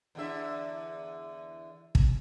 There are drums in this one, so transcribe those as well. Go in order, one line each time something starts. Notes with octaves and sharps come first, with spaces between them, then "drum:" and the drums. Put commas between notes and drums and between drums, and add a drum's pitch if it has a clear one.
E2 D3 E5
drum: kick